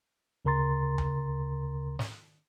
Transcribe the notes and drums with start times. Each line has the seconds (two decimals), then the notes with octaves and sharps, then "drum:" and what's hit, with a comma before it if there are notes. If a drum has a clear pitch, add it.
0.45 D2 C#3 A#4 A#5 C6 A6
0.98 drum: tom D2
1.99 drum: snare